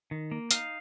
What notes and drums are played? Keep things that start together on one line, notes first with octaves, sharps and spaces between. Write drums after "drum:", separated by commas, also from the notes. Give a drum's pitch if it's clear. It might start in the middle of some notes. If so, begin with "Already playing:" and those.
D#3
A#3
D#4 F5, drum: hi-hat